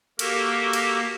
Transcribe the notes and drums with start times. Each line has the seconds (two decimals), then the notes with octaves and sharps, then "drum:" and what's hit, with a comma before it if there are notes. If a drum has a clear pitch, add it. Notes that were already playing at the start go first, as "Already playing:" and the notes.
0.19 A#3 F#4 G4 A4 A#4, drum: cymbal
0.73 drum: cymbal